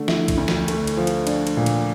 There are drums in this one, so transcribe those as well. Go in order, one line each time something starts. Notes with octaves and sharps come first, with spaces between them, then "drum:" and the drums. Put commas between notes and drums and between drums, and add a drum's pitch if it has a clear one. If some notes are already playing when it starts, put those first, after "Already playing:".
Already playing: D3 A3
E4, drum: snare
drum: kick, cymbal
D2
drum: snare
A3, drum: cymbal
drum: cymbal
F3
drum: cymbal
D4, drum: cymbal
drum: cymbal
A#2
drum: cymbal